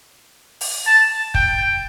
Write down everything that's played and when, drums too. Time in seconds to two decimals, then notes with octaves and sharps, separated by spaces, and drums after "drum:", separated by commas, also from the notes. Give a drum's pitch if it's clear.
0.61 drum: open hi-hat
0.87 A5
1.34 G5, drum: kick